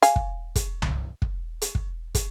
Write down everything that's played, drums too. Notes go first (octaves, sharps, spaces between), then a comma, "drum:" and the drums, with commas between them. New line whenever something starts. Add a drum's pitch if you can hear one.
F5 G#5, drum: hi-hat
drum: kick
drum: kick, hi-hat
drum: tom C2
drum: kick
drum: hi-hat
drum: kick
drum: kick, hi-hat